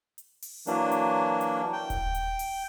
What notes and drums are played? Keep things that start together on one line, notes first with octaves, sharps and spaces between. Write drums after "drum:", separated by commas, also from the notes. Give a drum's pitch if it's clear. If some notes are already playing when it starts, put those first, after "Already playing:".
drum: hi-hat
drum: open hi-hat
E3 F#3 A#3 D4, drum: hi-hat
drum: hi-hat
drum: hi-hat
G5
drum: kick D#1, hi-hat
drum: hi-hat
drum: open hi-hat